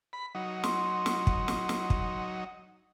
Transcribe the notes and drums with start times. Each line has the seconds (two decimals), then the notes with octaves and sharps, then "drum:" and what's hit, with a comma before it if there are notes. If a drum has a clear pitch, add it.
0.13 B5
0.35 F#3 D#4
0.64 C6, drum: snare
1.06 drum: snare
1.27 drum: kick
1.48 drum: snare
1.69 drum: snare
1.90 drum: kick